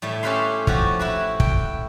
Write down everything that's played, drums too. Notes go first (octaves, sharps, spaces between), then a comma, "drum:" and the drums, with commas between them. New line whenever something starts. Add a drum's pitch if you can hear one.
A2 G3 A3
C#4 E4 G4 B4 F5 C6
F3 F#4 G4, drum: kick
E4 F#4 B4
G5, drum: kick